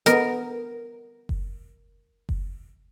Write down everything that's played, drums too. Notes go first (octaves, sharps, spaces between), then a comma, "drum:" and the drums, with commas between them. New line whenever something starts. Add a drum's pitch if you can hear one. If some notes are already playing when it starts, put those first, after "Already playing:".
B3 A#4 D#5, drum: hi-hat
drum: kick F#1
drum: kick F#1